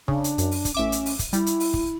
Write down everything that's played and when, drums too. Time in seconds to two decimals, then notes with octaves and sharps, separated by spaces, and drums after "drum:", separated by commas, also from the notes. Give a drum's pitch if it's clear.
0.08 C#3 D4, drum: kick
0.24 drum: hi-hat
0.38 F#2, drum: hi-hat
0.51 drum: open hi-hat
0.65 drum: kick, hi-hat
0.74 A1 C#4 E5 D6
0.92 drum: hi-hat
1.06 drum: open hi-hat
1.19 drum: kick, hi-hat
1.33 G3 E4, drum: hi-hat
1.46 drum: hi-hat
1.60 drum: open hi-hat
1.74 drum: kick